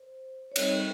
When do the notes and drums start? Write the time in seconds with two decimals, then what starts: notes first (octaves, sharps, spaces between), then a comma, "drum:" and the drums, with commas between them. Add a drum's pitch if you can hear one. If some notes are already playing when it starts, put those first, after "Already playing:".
Already playing: C5
0.52 C#5
0.56 G3 C4 D#4 D#5, drum: cymbal